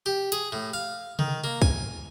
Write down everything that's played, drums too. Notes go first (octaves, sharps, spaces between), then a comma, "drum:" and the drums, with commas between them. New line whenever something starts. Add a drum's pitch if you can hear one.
G4
G#4, drum: hi-hat
A2
F5
D#3, drum: tom C3
A#3
G#5, drum: kick